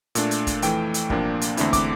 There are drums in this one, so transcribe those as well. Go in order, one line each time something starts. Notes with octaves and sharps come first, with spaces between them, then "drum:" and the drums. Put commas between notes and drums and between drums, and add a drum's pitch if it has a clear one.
A#2 A3 D4, drum: hi-hat
drum: hi-hat
drum: kick, hi-hat
F2 E3 A3 G5, drum: hi-hat
drum: hi-hat
C2 A#2 F3 A#3 D4, drum: kick
drum: hi-hat
E2 D3 A3 C4 E4, drum: hi-hat
D6, drum: kick, hi-hat